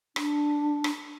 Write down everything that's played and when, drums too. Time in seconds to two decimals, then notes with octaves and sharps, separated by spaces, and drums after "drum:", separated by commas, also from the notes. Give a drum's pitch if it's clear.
0.16 D4, drum: rim click
0.84 drum: rim click